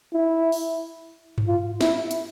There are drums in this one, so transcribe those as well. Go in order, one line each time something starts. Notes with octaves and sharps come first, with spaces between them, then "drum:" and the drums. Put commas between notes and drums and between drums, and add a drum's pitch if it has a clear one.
E4
drum: open hi-hat
drum: tom G2
F4
E4, drum: snare
drum: hi-hat